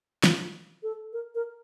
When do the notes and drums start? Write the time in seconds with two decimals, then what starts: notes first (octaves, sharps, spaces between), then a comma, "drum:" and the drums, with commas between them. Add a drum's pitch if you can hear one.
0.24 F4, drum: snare
0.83 A4
1.13 A#4
1.35 A#4